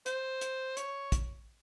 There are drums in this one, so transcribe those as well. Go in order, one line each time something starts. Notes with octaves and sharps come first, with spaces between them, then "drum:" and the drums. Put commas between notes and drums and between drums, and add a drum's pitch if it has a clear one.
C5, drum: hi-hat
drum: hi-hat
C#5, drum: hi-hat
drum: kick, hi-hat